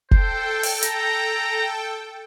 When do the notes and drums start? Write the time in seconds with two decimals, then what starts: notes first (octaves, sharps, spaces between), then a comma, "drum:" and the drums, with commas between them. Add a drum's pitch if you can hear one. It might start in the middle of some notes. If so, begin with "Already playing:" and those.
0.11 A4 C5 G5, drum: kick F#1
0.63 drum: open hi-hat
0.83 A#5, drum: hi-hat